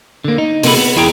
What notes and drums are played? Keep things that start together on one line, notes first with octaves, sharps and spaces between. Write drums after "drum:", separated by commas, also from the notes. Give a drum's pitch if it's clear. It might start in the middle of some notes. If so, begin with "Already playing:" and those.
D3 A#3
D#4
C3 A#3 B3 A4 B5, drum: open hi-hat
B3
E2 E4 G#4 G5 A5 A#5